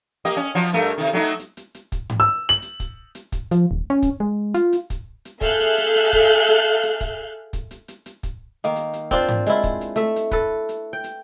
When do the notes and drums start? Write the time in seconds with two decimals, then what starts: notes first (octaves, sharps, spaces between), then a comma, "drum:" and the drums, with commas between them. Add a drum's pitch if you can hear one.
0.25 A#3 G4 D#5
0.37 C#4, drum: hi-hat
0.55 F3 F#3
0.73 G2 A3 A#4
0.98 C3 D#3
1.13 F#3 A3 D#4
1.39 drum: hi-hat
1.57 drum: hi-hat
1.75 drum: hi-hat
1.92 drum: kick, hi-hat
2.10 drum: tom G#2
2.20 E6
2.49 F#7
2.62 drum: hi-hat
2.80 drum: kick, hi-hat
3.15 drum: hi-hat
3.32 drum: kick, hi-hat
3.51 F3, drum: hi-hat
3.71 D#1
3.90 C#4
4.02 drum: kick, hi-hat
4.20 G#3
4.54 F4, drum: hi-hat
4.73 drum: hi-hat
4.90 drum: kick, hi-hat
5.25 drum: hi-hat
5.41 G#4 A4 E5 F5 F#6 G6, drum: kick, hi-hat
5.60 drum: hi-hat
5.78 drum: hi-hat
5.95 drum: hi-hat
6.13 drum: kick, hi-hat
6.48 drum: hi-hat
6.83 drum: hi-hat
7.01 drum: kick, hi-hat
7.53 drum: kick, hi-hat
7.71 drum: hi-hat
7.88 drum: hi-hat
8.06 drum: hi-hat
8.23 drum: kick, hi-hat
8.64 D#3 A#3
8.76 drum: hi-hat
8.93 drum: hi-hat
9.11 C4 D4 F4 C5, drum: kick, hi-hat
9.29 drum: tom G#2
9.47 G#3 D4 E4 F4, drum: hi-hat
9.64 drum: kick, hi-hat
9.81 drum: hi-hat
9.96 A3 E5, drum: hi-hat
10.16 drum: hi-hat
10.31 A4 B4, drum: kick, hi-hat
10.69 drum: hi-hat
10.93 G5
11.04 drum: hi-hat